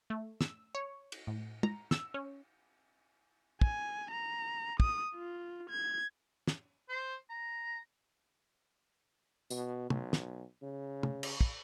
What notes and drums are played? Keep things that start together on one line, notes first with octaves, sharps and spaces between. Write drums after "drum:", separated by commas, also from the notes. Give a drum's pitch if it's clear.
A3
E6, drum: snare
C#5
drum: cymbal
A2
A#5, drum: tom
E6, drum: snare
C#4
G#5, drum: kick
A#5
D#6, drum: kick
F4
G#6
drum: snare
C5
A#5
B2, drum: tambourine
B1, drum: tom
drum: snare
C#3
drum: tom
drum: cymbal
drum: kick